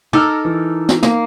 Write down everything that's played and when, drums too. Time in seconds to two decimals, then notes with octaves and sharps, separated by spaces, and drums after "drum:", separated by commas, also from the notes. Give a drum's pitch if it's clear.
0.13 D#4 A4 A#4 D6 E6 F6
0.45 E3
0.89 drum: snare
1.03 A#3, drum: snare